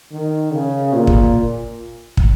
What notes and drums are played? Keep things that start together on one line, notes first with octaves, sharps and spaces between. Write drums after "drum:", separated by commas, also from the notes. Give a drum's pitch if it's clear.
D#3
C#3
A#2
drum: kick
drum: kick